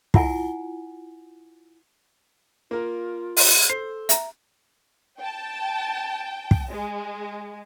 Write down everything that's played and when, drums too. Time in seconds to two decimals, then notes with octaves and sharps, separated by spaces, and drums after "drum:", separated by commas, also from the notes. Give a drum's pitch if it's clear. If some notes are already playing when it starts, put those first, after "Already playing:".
0.14 E4 F4 F#5 G#5, drum: kick
2.71 A#3 F4 A#4
3.37 drum: open hi-hat
3.70 A4 C5 C7
4.09 E5 A#5, drum: hi-hat
5.19 G5 A5
6.51 drum: kick
6.70 G#3